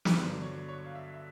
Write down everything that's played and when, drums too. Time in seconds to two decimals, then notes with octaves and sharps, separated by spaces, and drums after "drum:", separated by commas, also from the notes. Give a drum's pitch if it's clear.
0.05 drum: snare
0.15 G2 D3 F#3 B3 D4 C5
0.42 C#5
0.68 C#5
0.86 F5
0.95 E5
1.14 E5